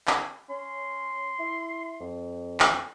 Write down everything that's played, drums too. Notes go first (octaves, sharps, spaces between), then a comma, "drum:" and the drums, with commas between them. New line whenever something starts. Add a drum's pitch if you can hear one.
drum: clap
C#4 C6
E4
F2
drum: clap